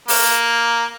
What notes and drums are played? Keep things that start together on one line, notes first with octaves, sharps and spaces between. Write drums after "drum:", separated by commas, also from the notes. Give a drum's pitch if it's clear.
A#3, drum: open hi-hat